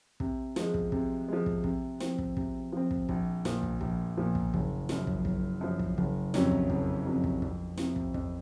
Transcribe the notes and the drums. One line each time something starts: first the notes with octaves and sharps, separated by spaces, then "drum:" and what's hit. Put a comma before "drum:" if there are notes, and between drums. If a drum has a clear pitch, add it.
C3, drum: kick
F3 G#3, drum: snare
drum: kick
C3, drum: kick
F3 G#3
drum: kick
C3, drum: kick
F3 C4, drum: snare
drum: kick
C3, drum: kick
F3 C4
drum: kick
A#1, drum: kick
A#2 F3, drum: snare
drum: kick
A#1, drum: kick
A#2 F3
drum: kick
F#1, drum: kick
F#2 F3, drum: snare
drum: kick
F#1, drum: kick
F#2 F3
drum: kick
F#1, drum: kick
F2 C3 F#3 C#4, drum: snare
drum: kick
F#1, drum: kick
F2 C3 F#3 C#4
drum: kick
F2, drum: kick
C3 F3 C4, drum: snare
drum: kick
F2, drum: kick